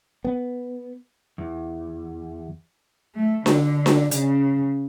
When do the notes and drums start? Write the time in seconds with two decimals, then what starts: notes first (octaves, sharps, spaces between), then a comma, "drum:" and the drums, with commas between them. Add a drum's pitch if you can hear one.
0.25 B3
1.38 E2
3.16 A3
3.46 D3, drum: snare D4
3.86 drum: snare D4
4.11 C#3, drum: hi-hat